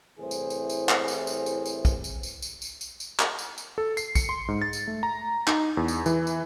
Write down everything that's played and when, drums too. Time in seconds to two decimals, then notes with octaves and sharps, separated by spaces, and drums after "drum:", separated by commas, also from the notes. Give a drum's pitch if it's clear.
0.20 C2 A2 C3 E3 G#4 C5
0.31 drum: tambourine
0.50 drum: tambourine
0.70 drum: tambourine
0.89 drum: clap
1.08 drum: tambourine
1.27 drum: tambourine
1.46 drum: tambourine
1.66 drum: tambourine
1.85 drum: kick, tambourine
2.04 drum: tambourine
2.23 drum: tambourine
2.42 drum: tambourine
2.62 drum: tambourine
2.81 drum: tambourine
3.00 drum: tambourine
3.19 drum: clap
3.39 drum: tambourine
3.58 drum: tambourine
3.78 A4
3.97 C7, drum: tambourine
4.15 C#7, drum: kick, tambourine
4.29 C6
4.48 G#2
4.62 A6
4.73 drum: tambourine
4.87 A3
5.03 A#5
5.47 D#4, drum: clap
5.77 E2
5.88 drum: tambourine
6.06 E3, drum: tambourine
6.27 drum: tambourine